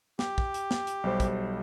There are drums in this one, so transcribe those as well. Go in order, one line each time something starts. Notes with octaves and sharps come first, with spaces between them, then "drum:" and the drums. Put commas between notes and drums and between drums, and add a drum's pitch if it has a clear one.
G4, drum: snare
drum: kick
drum: hi-hat
drum: snare
drum: hi-hat
B1 G3 C5
drum: kick, hi-hat